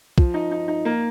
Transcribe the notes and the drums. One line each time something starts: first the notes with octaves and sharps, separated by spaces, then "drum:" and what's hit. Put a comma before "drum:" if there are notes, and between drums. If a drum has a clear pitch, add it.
F3, drum: kick
D#4
D#4
D#4
A#3